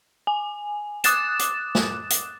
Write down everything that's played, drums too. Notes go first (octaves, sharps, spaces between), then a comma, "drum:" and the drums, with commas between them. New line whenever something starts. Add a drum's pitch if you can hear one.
G#5
D6 D#6 F#6 A6 E7, drum: hi-hat
drum: hi-hat
drum: snare
drum: hi-hat